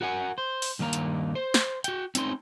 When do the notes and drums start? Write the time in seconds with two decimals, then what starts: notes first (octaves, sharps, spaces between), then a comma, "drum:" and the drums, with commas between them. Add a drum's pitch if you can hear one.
0.01 F#4 A#4 F#5 G#5
0.38 C5
0.62 drum: open hi-hat
0.79 G2 D#3 A#3 F5 A#5
0.93 drum: hi-hat
1.35 C5
1.54 drum: snare
1.84 F#4 G5, drum: hi-hat
2.15 C4 C#4 D#4 C6, drum: hi-hat